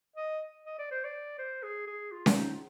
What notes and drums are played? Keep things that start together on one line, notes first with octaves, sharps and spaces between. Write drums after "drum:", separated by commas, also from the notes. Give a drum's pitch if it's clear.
D#5
D#5
D5
C5
D5
C5
G#4
G#4
F4
drum: snare C#4
D#4
F4